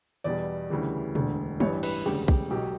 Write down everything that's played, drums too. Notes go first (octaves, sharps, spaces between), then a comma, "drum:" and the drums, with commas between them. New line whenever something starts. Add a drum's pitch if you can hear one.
E2 B2 G3 D5
D2 C#3 E3 G3
E1 D2 D3, drum: tom
A1 G2 E3 G3 C#5, drum: tom
B4, drum: cymbal
E1 D2 C#3 G3 G4
G4, drum: kick B1
B1 B2 F#3 G4